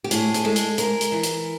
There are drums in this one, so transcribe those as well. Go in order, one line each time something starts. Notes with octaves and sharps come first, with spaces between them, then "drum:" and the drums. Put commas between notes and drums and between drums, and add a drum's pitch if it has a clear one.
G4
A2 G#4, drum: hi-hat
G#4, drum: hi-hat
G#3 A4
drum: hi-hat
G#3 A#4, drum: hi-hat
drum: hi-hat
E3
drum: hi-hat